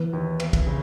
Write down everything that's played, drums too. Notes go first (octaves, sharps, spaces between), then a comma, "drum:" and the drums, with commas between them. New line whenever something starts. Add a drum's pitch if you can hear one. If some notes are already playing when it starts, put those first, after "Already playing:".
Already playing: E3 B3
D#2
B3, drum: cymbal
drum: kick, cymbal
C#3